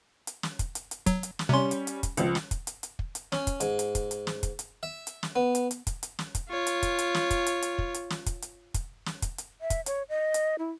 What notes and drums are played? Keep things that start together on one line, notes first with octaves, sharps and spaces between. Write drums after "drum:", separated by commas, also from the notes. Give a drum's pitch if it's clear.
drum: hi-hat
drum: snare
drum: kick, hi-hat
drum: hi-hat
drum: hi-hat
F#3, drum: kick, hi-hat
drum: hi-hat
drum: snare
C3 G3 C#4 C6
drum: hi-hat
drum: hi-hat
drum: kick, hi-hat
C#2 F3, drum: hi-hat
drum: snare
drum: kick, hi-hat
drum: hi-hat
drum: hi-hat
drum: kick
drum: hi-hat
C#4, drum: snare
drum: kick, hi-hat
G#2, drum: hi-hat
drum: hi-hat
drum: kick, hi-hat
drum: hi-hat
drum: snare
drum: kick, hi-hat
drum: hi-hat
E5
drum: hi-hat
drum: snare
B3
drum: hi-hat
drum: hi-hat
drum: kick, hi-hat
drum: hi-hat
drum: snare
drum: kick, hi-hat
F4 C#5
drum: hi-hat
drum: kick, hi-hat
drum: hi-hat
drum: snare
drum: kick, hi-hat
drum: hi-hat
drum: hi-hat
drum: kick
drum: hi-hat
drum: snare
drum: kick, hi-hat
drum: hi-hat
drum: kick, hi-hat
drum: snare
drum: kick, hi-hat
drum: hi-hat
E5
drum: kick, hi-hat
C#5, drum: hi-hat
D#5
drum: hi-hat
E4